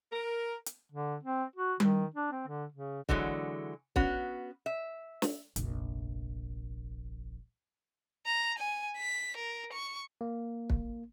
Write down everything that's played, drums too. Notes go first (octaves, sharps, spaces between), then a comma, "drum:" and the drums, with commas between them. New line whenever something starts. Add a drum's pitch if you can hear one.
A#4
drum: hi-hat
D3
C4
F#4
D#3, drum: tom G3
D4
C4
D3
C#3
D3 E3 F#3 G#3, drum: kick
B3 C#4 F#4, drum: kick
E5
drum: snare
F1 A#1, drum: hi-hat
A#5
G#5
B6
A#4
C#6
A#3
drum: kick